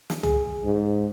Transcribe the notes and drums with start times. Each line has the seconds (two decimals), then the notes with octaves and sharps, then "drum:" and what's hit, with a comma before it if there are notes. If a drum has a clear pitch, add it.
0.10 drum: snare
0.23 G#4, drum: tom
0.65 G#2